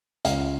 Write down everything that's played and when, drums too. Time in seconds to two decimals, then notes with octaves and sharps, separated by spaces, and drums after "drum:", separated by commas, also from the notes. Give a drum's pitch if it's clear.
0.25 C#2 F5, drum: hi-hat